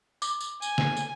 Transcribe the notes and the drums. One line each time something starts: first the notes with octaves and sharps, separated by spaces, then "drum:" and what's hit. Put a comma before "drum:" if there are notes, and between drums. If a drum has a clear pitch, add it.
D6, drum: tambourine
drum: tambourine
G#5, drum: tambourine
drum: snare
drum: tambourine